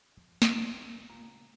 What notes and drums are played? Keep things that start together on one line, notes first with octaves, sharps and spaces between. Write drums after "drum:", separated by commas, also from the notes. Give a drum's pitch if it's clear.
E2 F3
D1 G#1 C4 D#4, drum: snare
C#2 A#2 A#5